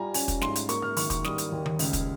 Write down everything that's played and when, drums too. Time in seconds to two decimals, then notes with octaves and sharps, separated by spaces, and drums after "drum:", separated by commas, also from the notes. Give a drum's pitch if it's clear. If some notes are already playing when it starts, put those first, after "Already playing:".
Already playing: G3 F4 G#5 A#5
0.14 C#4 G#5, drum: open hi-hat
0.28 drum: kick, hi-hat
0.41 G#2 C6, drum: snare
0.55 drum: hi-hat
0.69 A#3 C#6, drum: hi-hat
0.82 F6
0.97 D#3 C#6, drum: open hi-hat
1.10 C#6, drum: kick, hi-hat
1.24 G3 D#6, drum: snare
1.38 drum: hi-hat
1.52 D#2
1.66 drum: tom D#3
1.79 C#2, drum: open hi-hat
1.93 drum: kick, hi-hat